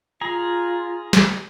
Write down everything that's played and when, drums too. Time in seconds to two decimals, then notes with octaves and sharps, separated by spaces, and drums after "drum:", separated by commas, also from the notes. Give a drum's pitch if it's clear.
0.21 F4 G#4 A#5
1.13 drum: snare